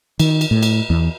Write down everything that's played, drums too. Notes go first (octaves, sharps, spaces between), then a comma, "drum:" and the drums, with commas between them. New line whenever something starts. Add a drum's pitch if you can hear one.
D#3, drum: cymbal
drum: cymbal
A2
drum: cymbal
E2